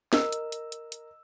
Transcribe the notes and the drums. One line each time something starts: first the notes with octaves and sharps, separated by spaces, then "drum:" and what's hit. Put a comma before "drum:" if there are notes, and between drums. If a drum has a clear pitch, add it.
A#4 D#5 E6, drum: snare
drum: hi-hat
drum: hi-hat
drum: hi-hat
drum: hi-hat